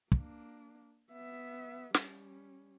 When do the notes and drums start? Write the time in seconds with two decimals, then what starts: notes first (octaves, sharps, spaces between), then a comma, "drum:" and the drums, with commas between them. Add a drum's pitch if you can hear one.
0.12 A#3 D4, drum: kick
1.11 B3 E5
1.94 G3 C#4, drum: snare